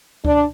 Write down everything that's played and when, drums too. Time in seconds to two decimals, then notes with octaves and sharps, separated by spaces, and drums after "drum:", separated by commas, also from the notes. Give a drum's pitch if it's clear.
0.25 D4, drum: kick C#2